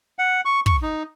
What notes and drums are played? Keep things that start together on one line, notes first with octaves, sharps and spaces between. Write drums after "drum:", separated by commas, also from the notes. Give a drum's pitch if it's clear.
F#5
C#6
C#6, drum: kick
D#4